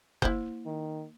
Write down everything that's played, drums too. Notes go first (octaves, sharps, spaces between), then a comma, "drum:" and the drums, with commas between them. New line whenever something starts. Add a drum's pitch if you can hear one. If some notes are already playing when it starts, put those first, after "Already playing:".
A#3 E4 C5, drum: kick F#1
D#3